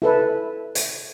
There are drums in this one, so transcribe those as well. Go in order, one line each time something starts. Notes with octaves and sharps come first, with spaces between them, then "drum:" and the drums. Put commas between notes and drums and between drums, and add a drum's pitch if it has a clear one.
E4 A4 B4 E5
drum: hi-hat